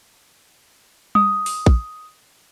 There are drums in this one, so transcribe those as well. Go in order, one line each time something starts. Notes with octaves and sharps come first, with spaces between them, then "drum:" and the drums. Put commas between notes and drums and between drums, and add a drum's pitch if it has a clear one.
D#6, drum: tom G3
drum: open hi-hat
drum: kick A#1